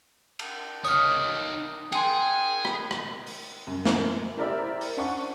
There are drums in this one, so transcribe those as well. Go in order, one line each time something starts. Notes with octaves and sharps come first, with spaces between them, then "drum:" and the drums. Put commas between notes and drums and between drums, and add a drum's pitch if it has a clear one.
drum: cymbal
D#4 C#5 D#6 F6, drum: tambourine
G#4 G5 G#5 C6, drum: cymbal
drum: rim click
drum: rim click
drum: open hi-hat
F#2
drum: snare
E4 G4 A#4 C5 D5 E5
drum: open hi-hat
C#4 D4 C5 F#5 C#6